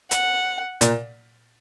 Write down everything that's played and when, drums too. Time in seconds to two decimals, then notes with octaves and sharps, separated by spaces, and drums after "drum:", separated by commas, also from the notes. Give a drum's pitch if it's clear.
0.11 F#5, drum: hi-hat
0.81 A#2, drum: hi-hat